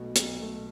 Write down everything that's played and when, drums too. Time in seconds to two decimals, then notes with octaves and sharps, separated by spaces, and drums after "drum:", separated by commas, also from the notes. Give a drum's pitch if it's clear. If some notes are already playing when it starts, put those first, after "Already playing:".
Already playing: B1 B2 A3
0.16 B1, drum: hi-hat
0.39 B2 A3